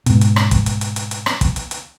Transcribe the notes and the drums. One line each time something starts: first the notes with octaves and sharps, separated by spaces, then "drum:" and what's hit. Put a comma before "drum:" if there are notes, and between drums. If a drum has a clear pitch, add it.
G#2 B2, drum: hi-hat
drum: hi-hat
drum: rim click
drum: kick, hi-hat
drum: hi-hat
drum: hi-hat
drum: hi-hat
drum: hi-hat
drum: rim click
drum: kick, hi-hat
drum: hi-hat
drum: hi-hat